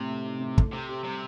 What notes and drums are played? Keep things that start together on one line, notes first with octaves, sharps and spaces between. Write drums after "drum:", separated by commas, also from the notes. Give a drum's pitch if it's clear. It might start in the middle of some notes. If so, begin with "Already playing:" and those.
Already playing: A2 C3
A3
D#4
A2
A4, drum: kick
C3 C4
G4
C3 G3